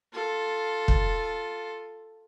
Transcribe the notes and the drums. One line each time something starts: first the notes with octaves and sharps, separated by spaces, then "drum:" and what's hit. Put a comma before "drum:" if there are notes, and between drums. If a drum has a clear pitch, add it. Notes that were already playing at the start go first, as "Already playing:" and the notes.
F4 A4
drum: kick